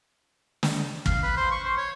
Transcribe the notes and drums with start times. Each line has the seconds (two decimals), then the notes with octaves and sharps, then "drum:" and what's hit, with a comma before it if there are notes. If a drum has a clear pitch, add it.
0.63 drum: snare
1.06 F5, drum: kick
1.23 B4
1.37 C5
1.51 C#6
1.64 C5
1.77 C#5